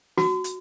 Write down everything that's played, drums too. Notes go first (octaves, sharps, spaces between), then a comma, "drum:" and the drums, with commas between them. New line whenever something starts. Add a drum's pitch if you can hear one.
F#4, drum: snare
drum: hi-hat